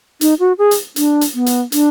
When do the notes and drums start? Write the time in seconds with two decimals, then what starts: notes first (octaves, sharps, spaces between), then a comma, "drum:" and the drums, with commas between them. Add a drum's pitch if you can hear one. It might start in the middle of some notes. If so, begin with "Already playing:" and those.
0.21 D#4, drum: hi-hat
0.40 F#4
0.58 G#4
0.71 drum: hi-hat
0.96 D4, drum: hi-hat
1.21 drum: hi-hat
1.34 B3
1.46 drum: hi-hat
1.72 D4, drum: hi-hat